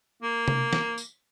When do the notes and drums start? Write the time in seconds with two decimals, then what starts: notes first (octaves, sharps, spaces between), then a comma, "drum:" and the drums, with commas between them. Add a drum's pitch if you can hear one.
0.23 A#3
0.48 drum: tom C3
0.73 drum: snare
0.98 drum: tambourine